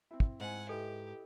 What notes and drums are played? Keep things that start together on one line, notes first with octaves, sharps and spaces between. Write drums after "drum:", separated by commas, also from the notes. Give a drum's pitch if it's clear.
C4 E4
drum: kick
G#2 F#5 G#5
E4 G4 A4 B4 D#5